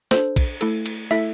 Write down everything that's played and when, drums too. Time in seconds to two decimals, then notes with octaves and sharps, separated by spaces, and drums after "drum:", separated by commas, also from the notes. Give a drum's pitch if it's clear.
0.11 D4 A4 C5, drum: snare
0.36 drum: kick B1, cymbal
0.61 A3 E4 A4, drum: cymbal
0.86 drum: cymbal
1.11 A3 E4 A4 E5